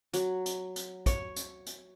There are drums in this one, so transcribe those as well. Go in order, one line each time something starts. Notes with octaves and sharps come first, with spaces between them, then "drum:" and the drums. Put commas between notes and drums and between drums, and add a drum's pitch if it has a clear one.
F#3, drum: hi-hat
drum: hi-hat
drum: hi-hat
C#5, drum: kick, hi-hat
drum: hi-hat
drum: hi-hat